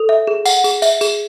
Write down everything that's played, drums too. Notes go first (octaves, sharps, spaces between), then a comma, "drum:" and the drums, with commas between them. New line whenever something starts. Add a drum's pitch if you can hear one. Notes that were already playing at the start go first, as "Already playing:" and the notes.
Already playing: A4
E5
G#4
F#5, drum: tambourine
G#4, drum: tambourine
E5, drum: tambourine
G#4, drum: tambourine